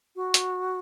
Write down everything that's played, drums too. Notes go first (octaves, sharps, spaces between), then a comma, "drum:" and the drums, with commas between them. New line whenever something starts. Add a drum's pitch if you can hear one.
F#4
drum: hi-hat